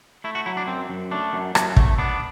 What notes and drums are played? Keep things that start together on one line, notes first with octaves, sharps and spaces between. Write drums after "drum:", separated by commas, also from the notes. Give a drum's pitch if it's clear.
A3 E4
F#4
F#3 E4
D4
F#2 C4
F#2
A3 D4
F#2
F#2, drum: rim click
A3, drum: kick
B3 D4